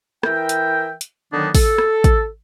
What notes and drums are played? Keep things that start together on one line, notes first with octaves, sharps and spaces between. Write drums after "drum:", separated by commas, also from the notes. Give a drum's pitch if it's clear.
E3 E4 A#4 E5 G5, drum: rim click
drum: hi-hat
drum: hi-hat
D3 D#3 F#3 B3 D4 D#4
A4, drum: kick, open hi-hat
drum: rim click
drum: kick, hi-hat